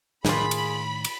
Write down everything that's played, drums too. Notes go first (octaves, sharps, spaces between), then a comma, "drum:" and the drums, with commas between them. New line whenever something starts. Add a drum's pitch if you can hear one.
A2 D#3 A#3 F4 G#4 B5, drum: snare
drum: cymbal
drum: cymbal